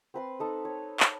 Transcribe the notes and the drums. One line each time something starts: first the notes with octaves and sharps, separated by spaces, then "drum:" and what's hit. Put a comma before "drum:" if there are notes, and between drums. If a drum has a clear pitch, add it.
C4 B4 C6
D#4 A4 D#5
C#5
drum: clap